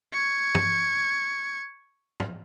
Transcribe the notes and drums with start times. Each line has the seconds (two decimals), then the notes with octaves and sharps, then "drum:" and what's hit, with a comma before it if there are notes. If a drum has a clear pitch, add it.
0.13 C#6 G#6
0.55 drum: tom
2.20 drum: tom